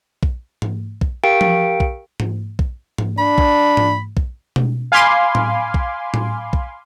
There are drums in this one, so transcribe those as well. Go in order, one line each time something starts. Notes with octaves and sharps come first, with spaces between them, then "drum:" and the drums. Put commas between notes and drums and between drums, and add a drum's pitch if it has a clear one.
drum: kick
drum: tom G#2
drum: kick
G4 A#4 F5 G5 D7
drum: tom F3
drum: kick
drum: tom G#2
drum: kick
drum: tom G#2
D4 B5
drum: kick
drum: tom G#2
drum: kick
drum: tom B2
F5 G#5 B5 C6 D6
drum: tom A2
drum: kick
drum: tom A2
drum: kick